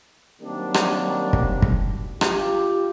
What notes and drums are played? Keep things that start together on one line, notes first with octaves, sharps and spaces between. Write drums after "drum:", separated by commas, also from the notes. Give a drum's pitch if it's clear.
D#3 F#3 G3 A#3 C4 D4
drum: rim click
drum: kick
drum: kick
F4 G4, drum: rim click